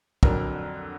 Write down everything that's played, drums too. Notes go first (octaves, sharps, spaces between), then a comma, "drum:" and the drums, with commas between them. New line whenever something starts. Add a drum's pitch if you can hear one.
F2 D3 F#3 A#4, drum: kick